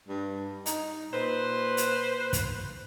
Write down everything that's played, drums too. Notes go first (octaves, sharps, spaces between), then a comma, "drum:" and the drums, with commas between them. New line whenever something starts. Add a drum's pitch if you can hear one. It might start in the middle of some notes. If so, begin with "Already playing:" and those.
G2
D#4, drum: hi-hat
A#2 B4 C5
drum: hi-hat
drum: kick, hi-hat